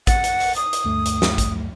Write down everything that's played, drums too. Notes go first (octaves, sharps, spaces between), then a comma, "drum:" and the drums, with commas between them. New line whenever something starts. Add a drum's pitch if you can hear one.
F#5 A6, drum: kick A1, hi-hat
drum: hi-hat
drum: open hi-hat
D#6, drum: hi-hat
drum: hi-hat
D2 G2 A3
drum: hi-hat
drum: snare
drum: kick A1, hi-hat